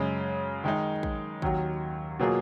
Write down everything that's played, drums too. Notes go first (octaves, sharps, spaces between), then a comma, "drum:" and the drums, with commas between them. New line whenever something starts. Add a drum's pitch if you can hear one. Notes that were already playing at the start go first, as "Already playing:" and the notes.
Already playing: F#2 C#3 G#3
D#3 G#3 D#4
drum: kick
D#2 D#3 F#3, drum: kick
B2 F#3 A#3 F4 G#4